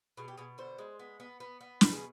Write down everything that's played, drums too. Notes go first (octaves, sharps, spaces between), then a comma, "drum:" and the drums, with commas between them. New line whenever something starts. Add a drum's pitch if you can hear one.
B2 G#4
G4
B2 G#4
D3 C5
G#3
B3
B3
B3
B3
B2 B4, drum: snare
G#4